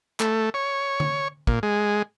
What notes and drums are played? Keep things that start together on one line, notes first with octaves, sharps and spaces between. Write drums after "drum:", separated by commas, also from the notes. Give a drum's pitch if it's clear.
A3, drum: clap
C#5
drum: tom D3
A#2, drum: kick
G#3